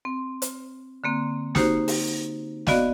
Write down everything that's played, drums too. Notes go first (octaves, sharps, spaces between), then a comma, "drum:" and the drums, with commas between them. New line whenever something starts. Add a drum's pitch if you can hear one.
C4
drum: hi-hat
D3 A#3 C4
A#3 D#4 F#4 G4 C5, drum: snare
drum: open hi-hat
B3 F#4 D5 D#5 F5, drum: snare